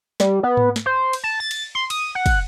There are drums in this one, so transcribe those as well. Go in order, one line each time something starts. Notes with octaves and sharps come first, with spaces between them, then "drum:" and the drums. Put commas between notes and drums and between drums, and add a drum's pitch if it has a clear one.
G3, drum: snare
B3
drum: tom G#2
drum: snare
C5
drum: cymbal
A5
A6
drum: cymbal
C6
D#6, drum: cymbal
F#5
drum: kick, cymbal